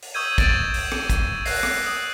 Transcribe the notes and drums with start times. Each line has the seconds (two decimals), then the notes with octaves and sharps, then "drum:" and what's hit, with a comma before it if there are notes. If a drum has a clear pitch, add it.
0.02 drum: open hi-hat
0.14 C#6 D#6 E6 G6 G#6 D#7
0.38 A6 D7 E7, drum: kick, hi-hat
0.74 drum: open hi-hat
0.92 drum: rim click
1.10 drum: kick, hi-hat
1.45 F#6 A#6 C7, drum: open hi-hat
1.63 drum: rim click
1.86 D#6